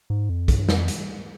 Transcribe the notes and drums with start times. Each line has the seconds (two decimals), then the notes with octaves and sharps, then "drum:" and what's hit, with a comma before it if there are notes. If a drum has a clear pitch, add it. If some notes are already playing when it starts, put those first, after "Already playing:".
0.10 G#2
0.30 F2
0.48 G2, drum: kick, hi-hat
0.69 F2, drum: snare
0.88 drum: hi-hat